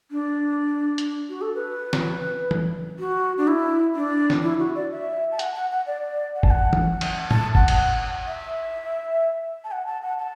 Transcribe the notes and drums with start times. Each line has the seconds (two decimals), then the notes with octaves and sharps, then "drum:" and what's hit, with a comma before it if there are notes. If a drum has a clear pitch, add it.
0.11 D4
0.98 drum: hi-hat
1.29 F#4
1.42 A4
1.55 B4
1.93 drum: snare
2.51 drum: tom
2.99 F#4
3.38 D4
3.47 E4
3.95 D4
4.30 drum: snare
4.43 E4
4.59 F#4
4.75 D5
4.91 E5
5.32 A5
5.39 F#5, drum: hi-hat
5.55 F#5
5.71 F#5
5.87 D5
6.36 F#5
6.43 A5, drum: kick
6.51 F#5
6.73 drum: tom
7.01 drum: cymbal
7.31 A5, drum: tom A2
7.55 F#5, drum: kick
7.68 drum: cymbal
8.27 E5
9.64 A5
9.72 F#5
9.87 A5
10.02 F#5
10.19 A5